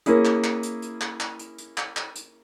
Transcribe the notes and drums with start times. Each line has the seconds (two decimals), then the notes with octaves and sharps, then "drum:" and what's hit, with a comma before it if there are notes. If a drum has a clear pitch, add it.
0.06 A#3 C#4 E4 G#4, drum: hi-hat
0.25 drum: clap
0.44 drum: clap
0.63 drum: hi-hat
0.82 drum: hi-hat
1.01 drum: clap
1.20 drum: clap
1.39 drum: hi-hat
1.58 drum: hi-hat
1.78 drum: clap
1.97 drum: clap
2.16 drum: hi-hat